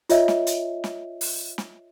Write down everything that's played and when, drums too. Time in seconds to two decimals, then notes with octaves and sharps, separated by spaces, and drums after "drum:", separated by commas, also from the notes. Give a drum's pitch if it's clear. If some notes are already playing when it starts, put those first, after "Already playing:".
0.09 F4 C#5 D#5 E5, drum: hi-hat
0.28 drum: snare
0.47 drum: hi-hat
0.84 drum: snare
1.21 drum: open hi-hat
1.58 drum: snare